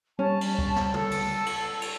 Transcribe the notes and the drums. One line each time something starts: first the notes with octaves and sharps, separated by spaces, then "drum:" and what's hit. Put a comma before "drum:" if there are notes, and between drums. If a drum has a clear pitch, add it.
G3 C#4 A5
drum: cymbal
drum: kick C#2
drum: snare
A4, drum: tom
drum: cymbal
drum: cymbal
drum: cymbal